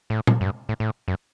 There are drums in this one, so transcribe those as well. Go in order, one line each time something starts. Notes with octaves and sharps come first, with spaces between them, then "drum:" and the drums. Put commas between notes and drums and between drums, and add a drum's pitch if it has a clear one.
A2
drum: tom A#2
F#2
G2
A2
A2
F#2